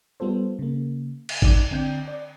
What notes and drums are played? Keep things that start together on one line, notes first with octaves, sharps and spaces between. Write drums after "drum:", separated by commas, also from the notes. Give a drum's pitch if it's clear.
G3 B3 F4 A4 C5
C#3 A#3
drum: cymbal
D#4 D5 D6, drum: kick G#1
D3 C4 D5 G5 G6
D5